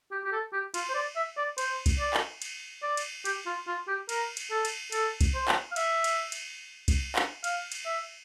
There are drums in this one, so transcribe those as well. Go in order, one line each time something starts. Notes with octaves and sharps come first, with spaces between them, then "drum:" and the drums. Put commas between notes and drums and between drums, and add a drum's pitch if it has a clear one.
G4
G4
A4
G4
F4, drum: cymbal
C5
D5
E5
D5
C5, drum: cymbal
drum: kick C2, cymbal
D5
drum: clap
drum: cymbal
D5
drum: cymbal
G4, drum: cymbal
F4
F4
G4
A#4, drum: cymbal
drum: cymbal
A4
drum: cymbal
A4, drum: cymbal
drum: kick C2, cymbal
C5
drum: clap
F5
E5, drum: cymbal
drum: cymbal
drum: cymbal
drum: kick C2, cymbal
drum: clap
F5, drum: cymbal
drum: cymbal
E5